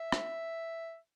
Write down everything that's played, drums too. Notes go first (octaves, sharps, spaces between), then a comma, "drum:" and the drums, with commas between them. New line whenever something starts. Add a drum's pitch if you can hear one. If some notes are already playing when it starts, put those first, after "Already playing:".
Already playing: E5
drum: rim click